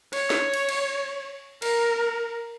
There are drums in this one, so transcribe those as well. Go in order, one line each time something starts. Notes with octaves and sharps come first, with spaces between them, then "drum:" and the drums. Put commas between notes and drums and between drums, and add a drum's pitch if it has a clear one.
C#5, drum: cymbal
drum: snare
drum: cymbal
drum: cymbal
A#4, drum: cymbal